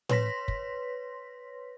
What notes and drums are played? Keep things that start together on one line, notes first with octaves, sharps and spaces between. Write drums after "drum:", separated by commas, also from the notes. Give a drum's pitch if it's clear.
B4 C#5 C6 A#6 B6, drum: tom A2
drum: kick